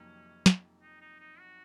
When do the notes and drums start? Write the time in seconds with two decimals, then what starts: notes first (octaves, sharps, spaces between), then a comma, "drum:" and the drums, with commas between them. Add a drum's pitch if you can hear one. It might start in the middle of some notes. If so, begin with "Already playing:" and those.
Already playing: F2 C3 D#3 F#3 A#3 C#4
0.46 drum: snare
0.82 D#4
1.01 D#4
1.20 D#4
1.39 F#4